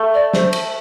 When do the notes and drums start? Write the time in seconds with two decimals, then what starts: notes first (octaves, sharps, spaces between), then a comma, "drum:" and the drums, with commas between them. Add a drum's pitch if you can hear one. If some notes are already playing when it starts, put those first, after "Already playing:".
Already playing: A3
0.14 D5
0.34 C5, drum: snare
0.53 drum: cymbal